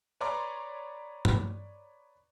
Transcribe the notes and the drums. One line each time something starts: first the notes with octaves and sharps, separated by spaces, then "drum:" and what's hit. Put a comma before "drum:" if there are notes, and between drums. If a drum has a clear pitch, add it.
B4 C#5 D5 A#5 C6 D6
drum: tom G2